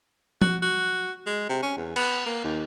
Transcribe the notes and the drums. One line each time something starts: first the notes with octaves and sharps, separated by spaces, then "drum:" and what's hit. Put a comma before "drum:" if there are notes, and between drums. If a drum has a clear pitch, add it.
F#4, drum: tom F3
F#4
G#3
C3
C#4
E2
B3, drum: cymbal
A#3
D#2